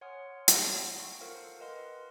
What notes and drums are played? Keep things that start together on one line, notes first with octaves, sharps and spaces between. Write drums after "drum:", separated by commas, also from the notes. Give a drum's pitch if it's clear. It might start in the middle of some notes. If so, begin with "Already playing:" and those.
C#5 F#5 G#5 C6 D#6 F6
drum: hi-hat
G5 C#6 E6
F4 A4 A#4 C5 F5 F#5
A#4 B4 D#5 F#5 C6